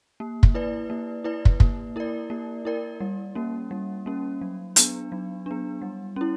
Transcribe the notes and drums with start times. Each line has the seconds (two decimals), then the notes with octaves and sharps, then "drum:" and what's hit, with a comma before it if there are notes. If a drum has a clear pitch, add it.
0.20 A#3
0.43 drum: kick
0.55 E4 B4 D5
0.90 A#3
1.24 E4 B4 D5
1.45 drum: kick
1.60 A#3, drum: kick
1.96 E4 A#4 D5
2.30 A#3
2.65 E4 A#4 D5
3.01 G3
3.35 A#3 C#4
3.71 G3
4.06 A#3 C#4
4.42 F#3
4.76 B3 D4, drum: hi-hat
5.12 F#3
5.46 B3 D4
5.82 G3
6.16 C#4 E4